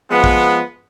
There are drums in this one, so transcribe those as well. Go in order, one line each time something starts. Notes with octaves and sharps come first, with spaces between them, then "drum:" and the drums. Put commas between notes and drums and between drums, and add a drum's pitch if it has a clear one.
F3 G#3 B3
drum: kick